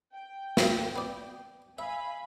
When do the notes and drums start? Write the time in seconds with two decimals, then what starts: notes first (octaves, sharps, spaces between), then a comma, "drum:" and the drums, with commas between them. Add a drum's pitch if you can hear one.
0.13 G5
0.57 F#3, drum: snare
0.96 B3 D5
1.79 E5 F5 G#5 B5